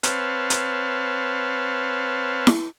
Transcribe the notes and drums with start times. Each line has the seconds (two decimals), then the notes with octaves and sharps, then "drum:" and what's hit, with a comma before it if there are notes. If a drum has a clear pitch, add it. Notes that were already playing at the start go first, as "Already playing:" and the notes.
0.03 C4 B4 C#5 F5 A5, drum: hi-hat
0.50 drum: hi-hat
2.47 drum: snare E4